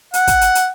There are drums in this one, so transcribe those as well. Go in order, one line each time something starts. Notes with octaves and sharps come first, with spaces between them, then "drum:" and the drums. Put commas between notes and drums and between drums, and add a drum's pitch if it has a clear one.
F#5, drum: hi-hat
drum: kick, hi-hat
drum: hi-hat
drum: hi-hat